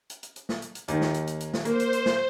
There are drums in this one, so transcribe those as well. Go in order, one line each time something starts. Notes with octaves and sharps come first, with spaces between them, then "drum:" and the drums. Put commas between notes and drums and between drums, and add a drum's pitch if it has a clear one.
drum: hi-hat
drum: hi-hat
drum: hi-hat
drum: snare
drum: hi-hat
drum: hi-hat
D#2 D#3, drum: hi-hat
drum: snare
drum: hi-hat
drum: hi-hat
drum: hi-hat
drum: snare
A#3 C5, drum: hi-hat
drum: hi-hat
drum: hi-hat
drum: snare